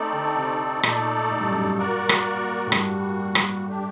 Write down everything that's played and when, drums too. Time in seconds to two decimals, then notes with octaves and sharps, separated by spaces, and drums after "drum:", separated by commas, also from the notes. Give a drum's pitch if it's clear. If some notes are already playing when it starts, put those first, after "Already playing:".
Already playing: A3 C4 D#4 A4 D5
0.13 D3
0.36 C3
0.83 A#2 A3 D#4 A4 D5, drum: rim click
1.31 A2
1.41 G2
1.51 F#2
1.60 G2
1.78 A#3 F#4 A#4 D5
2.09 drum: rim click
2.67 A2
2.72 G2 G3 A#3 F#4, drum: rim click
3.35 drum: rim click
3.67 A3 D4 G4